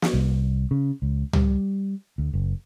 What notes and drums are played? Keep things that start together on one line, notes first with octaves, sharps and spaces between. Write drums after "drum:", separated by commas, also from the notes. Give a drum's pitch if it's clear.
drum: snare
C2
C#3
C#2
G3, drum: tom C#2
D2
F#1